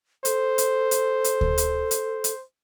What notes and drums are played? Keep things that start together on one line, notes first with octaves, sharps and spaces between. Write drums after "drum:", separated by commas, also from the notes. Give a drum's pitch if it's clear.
A4 C5, drum: hi-hat
drum: hi-hat
drum: hi-hat
drum: hi-hat
drum: kick D2
drum: hi-hat
drum: hi-hat
drum: hi-hat